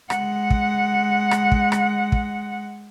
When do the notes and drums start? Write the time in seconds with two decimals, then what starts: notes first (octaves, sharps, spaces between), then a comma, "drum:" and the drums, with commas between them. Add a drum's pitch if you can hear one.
0.10 G#3 F#5, drum: rim click
0.50 drum: kick
1.31 drum: rim click
1.52 drum: kick
1.72 drum: rim click
2.12 drum: kick